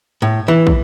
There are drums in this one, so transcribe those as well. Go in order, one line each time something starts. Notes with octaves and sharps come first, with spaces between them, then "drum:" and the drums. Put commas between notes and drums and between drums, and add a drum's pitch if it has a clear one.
A2
E3
drum: kick